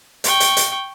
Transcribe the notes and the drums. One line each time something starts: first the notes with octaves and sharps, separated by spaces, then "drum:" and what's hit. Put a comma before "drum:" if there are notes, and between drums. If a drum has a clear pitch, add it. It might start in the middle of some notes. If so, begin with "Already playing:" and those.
G5 C#6, drum: hi-hat
drum: hi-hat
drum: hi-hat